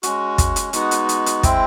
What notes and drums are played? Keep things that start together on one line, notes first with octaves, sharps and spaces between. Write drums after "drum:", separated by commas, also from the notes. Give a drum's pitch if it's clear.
G#3 C#4 F#4, drum: hi-hat
drum: kick, hi-hat
drum: hi-hat
G#3 B3 D#4 F#4 F#5, drum: hi-hat
drum: hi-hat
drum: hi-hat
drum: hi-hat
G#3 C4 E4 G5, drum: kick, hi-hat